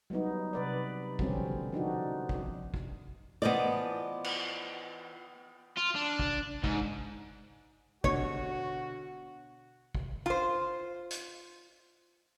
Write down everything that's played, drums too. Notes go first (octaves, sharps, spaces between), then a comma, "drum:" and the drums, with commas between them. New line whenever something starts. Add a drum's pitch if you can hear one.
F#3 G3 B3 D#4
C3 B4 D5
B2 D3 F3 G3 C4 C#4, drum: kick
F3 D4 D#4 F#4
drum: kick
drum: kick
E3 F3 B3 D5 D#5
drum: cymbal
F4
D4
drum: kick
G#2, drum: kick
B2 D3 F#4 C#5, drum: kick
drum: kick
F4 C5
drum: hi-hat